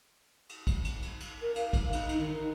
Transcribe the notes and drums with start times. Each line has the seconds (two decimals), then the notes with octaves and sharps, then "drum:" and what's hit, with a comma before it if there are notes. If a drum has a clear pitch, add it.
0.49 drum: cymbal
0.67 drum: kick, cymbal
0.85 drum: cymbal
1.02 drum: cymbal
1.20 drum: cymbal
1.42 A#4
1.56 F5, drum: cymbal
1.73 drum: kick, cymbal
1.93 D#4, drum: cymbal
2.09 drum: cymbal
2.19 D#3